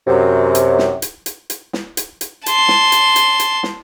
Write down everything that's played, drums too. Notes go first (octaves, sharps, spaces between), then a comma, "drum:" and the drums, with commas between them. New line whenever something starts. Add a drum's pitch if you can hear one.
F#2 C3
drum: hi-hat
drum: snare
drum: hi-hat
drum: hi-hat
drum: hi-hat
drum: snare
drum: hi-hat
drum: hi-hat
A5 C6, drum: hi-hat
drum: snare
drum: hi-hat
drum: hi-hat
drum: hi-hat
drum: snare